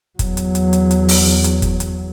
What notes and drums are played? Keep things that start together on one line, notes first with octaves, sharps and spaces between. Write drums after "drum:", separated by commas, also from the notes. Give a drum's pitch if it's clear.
E2 F#3, drum: kick F#1, hi-hat
drum: hi-hat
drum: hi-hat
drum: hi-hat
drum: hi-hat
drum: open hi-hat
drum: hi-hat
drum: kick F#1, hi-hat
drum: hi-hat